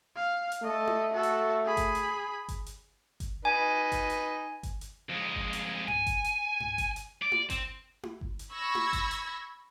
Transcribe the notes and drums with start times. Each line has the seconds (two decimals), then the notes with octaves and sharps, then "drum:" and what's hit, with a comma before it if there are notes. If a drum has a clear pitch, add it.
0.16 F5
0.52 drum: hi-hat
0.63 A3 A4 D#5
0.87 drum: tom E4
1.13 F#4 A4
1.23 drum: hi-hat
1.65 G#4 B5
1.77 drum: kick G1, hi-hat
1.95 drum: hi-hat
2.48 drum: kick G1, hi-hat
2.66 drum: hi-hat
3.20 drum: kick G1, hi-hat
3.45 D#4 B4 G#5
3.92 drum: kick G1, hi-hat
4.10 drum: hi-hat
4.63 drum: kick G1, hi-hat
4.81 drum: hi-hat
5.09 F2 G#3
5.35 drum: kick G1
5.53 drum: hi-hat
5.88 G#5, drum: tom G2
6.07 drum: kick G1, hi-hat
6.24 drum: hi-hat
6.60 drum: tom G2
6.78 drum: kick G1, hi-hat
6.96 drum: hi-hat
7.22 D5
7.32 drum: tom E4
7.50 C4, drum: kick G1, hi-hat
8.03 drum: tom E4
8.21 drum: kick G1
8.39 drum: hi-hat
8.52 B5 C#6 E6 G#6 A#6
8.75 drum: tom E4
8.93 drum: kick G1, hi-hat
9.11 drum: hi-hat